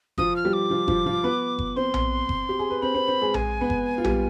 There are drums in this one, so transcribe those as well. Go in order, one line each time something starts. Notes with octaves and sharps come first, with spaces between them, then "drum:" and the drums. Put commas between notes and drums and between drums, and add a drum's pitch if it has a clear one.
F3 F4 D#6, drum: kick F#1
F6
G3 G4
D6
F3 F4
F3 F4, drum: kick F#1
F3 F4
B3 B4
drum: kick F#1
C4 C5 C6
drum: tom A#1
drum: kick F#1
G4
G#4
B4
C4 C5 B5
C4 C5
C4 C5
G#3 G#4
G#3 G#4 G#5, drum: tom A#1
B3 B4
drum: kick F#1
F4
G3 G4, drum: tom A#1